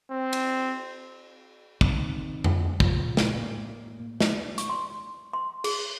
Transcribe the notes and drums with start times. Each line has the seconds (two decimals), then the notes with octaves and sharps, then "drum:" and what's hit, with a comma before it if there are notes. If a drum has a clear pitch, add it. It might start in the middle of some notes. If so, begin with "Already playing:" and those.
0.11 C4
0.33 drum: cymbal
1.81 C3 D#3, drum: kick
2.44 drum: tom F2
2.80 A#2 C#3 F3, drum: kick
3.17 drum: snare
3.36 A2 A#3
4.20 drum: snare
4.58 C#6, drum: hi-hat
4.70 C6
5.33 C6
5.64 G#4, drum: cymbal